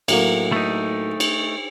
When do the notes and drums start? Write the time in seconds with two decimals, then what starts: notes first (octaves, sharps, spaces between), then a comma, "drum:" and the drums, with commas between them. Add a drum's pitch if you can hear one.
0.08 A2 F#3 A#3, drum: cymbal
0.52 A3 D#4
1.20 drum: cymbal